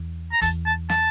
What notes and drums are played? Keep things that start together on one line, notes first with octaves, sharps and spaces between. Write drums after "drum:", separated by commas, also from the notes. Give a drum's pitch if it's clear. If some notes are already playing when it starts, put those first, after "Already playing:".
Already playing: E2
A#5
E2 A5, drum: kick, hi-hat
A5
A5, drum: snare